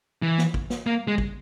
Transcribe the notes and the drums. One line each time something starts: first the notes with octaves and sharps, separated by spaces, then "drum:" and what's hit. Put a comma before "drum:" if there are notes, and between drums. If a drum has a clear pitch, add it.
E3
drum: snare
drum: kick
drum: snare
A#3
G#3
drum: kick